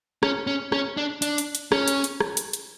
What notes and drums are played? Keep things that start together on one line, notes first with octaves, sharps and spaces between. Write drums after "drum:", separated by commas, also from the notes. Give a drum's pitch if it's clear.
C#4, drum: rim click
C#4
C#4, drum: rim click
D4
D4, drum: hi-hat
drum: hi-hat
drum: hi-hat
C#4, drum: rim click
drum: hi-hat
drum: hi-hat
drum: rim click
drum: hi-hat
drum: hi-hat